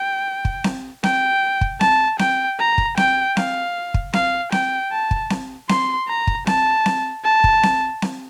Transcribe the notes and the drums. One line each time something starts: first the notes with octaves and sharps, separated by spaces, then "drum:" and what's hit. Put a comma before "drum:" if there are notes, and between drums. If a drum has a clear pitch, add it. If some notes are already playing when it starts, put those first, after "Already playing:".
Already playing: G5
drum: kick
drum: snare C4
G5, drum: snare C4
drum: kick
A5, drum: snare C4
G5, drum: snare C4
A#5
drum: kick
G5, drum: snare C4
F5, drum: snare C4
drum: kick
F5, drum: snare C4
G5, drum: snare C4
A5
drum: kick
drum: snare C4
C6, drum: snare C4
A#5
drum: kick
A5, drum: snare C4
drum: snare C4
A5
drum: kick
drum: snare C4
drum: snare C4